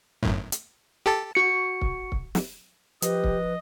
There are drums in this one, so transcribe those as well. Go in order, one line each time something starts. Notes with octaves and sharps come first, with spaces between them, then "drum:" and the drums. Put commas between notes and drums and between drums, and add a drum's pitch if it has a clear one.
G1 F#2 A2
drum: hi-hat
G4 A4 A5
F#4 C#7
drum: kick C#1
drum: kick C#1
drum: snare
F3 G4 B4 D#5, drum: hi-hat
drum: kick C#1